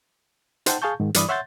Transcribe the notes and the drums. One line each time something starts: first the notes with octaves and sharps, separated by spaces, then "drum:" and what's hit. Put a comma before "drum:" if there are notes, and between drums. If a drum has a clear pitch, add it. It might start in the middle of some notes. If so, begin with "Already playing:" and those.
D#4 C5 F#5 G5 A5, drum: hi-hat
G#4 F5 G#5 A5 C#6 G6
G#2 D#3
G2 E3 D5 B5 D#6, drum: hi-hat
C#5 E5 F#5 C6 G6 A6